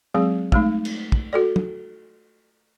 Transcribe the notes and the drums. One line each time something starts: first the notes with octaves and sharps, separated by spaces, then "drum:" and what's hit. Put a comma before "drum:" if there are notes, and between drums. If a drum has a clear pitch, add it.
F#3 G#3 C4 G#4
G#3 A3 D#4, drum: kick
drum: cymbal
drum: kick
F#4 A4 D5
drum: tom